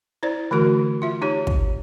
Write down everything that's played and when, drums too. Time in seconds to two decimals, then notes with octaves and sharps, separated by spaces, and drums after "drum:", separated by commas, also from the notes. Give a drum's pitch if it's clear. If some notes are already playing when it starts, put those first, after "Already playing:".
0.23 E4 C5 D5
0.51 D3 E3 A3 F#4 A#4
1.02 F4 E5
1.22 D#4 G4 C#5
1.47 drum: kick